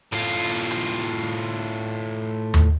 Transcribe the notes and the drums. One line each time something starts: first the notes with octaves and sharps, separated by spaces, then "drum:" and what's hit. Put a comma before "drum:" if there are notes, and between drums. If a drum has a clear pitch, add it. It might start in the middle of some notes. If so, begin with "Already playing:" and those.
A2 F4, drum: hi-hat
drum: hi-hat
drum: tom D#2